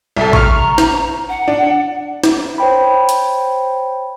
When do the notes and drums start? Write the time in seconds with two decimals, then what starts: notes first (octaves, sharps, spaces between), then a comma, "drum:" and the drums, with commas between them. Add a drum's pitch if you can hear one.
0.17 C2 A4
0.33 A#5 C#6 F6, drum: kick
0.78 drum: snare
1.29 F#5
1.48 D4
2.24 drum: snare
2.58 C5 C#5 G5 B5
3.09 drum: hi-hat